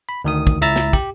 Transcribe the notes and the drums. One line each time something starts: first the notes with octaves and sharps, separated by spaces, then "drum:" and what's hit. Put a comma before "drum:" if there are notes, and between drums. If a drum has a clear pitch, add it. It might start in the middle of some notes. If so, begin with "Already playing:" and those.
B5
D2 D#3 D#6
drum: kick
C#2 E4 E5 A#5 E6 A6
drum: snare
G4, drum: kick